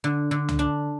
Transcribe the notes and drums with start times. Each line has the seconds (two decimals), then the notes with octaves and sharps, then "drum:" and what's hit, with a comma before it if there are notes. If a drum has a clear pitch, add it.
0.04 D3
0.31 D3
0.49 drum: tom C#2
0.59 D4